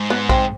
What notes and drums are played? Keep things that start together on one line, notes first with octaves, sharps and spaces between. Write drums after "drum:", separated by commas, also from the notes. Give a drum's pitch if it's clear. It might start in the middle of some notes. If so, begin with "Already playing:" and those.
Already playing: G#2
B3
C4, drum: kick A#1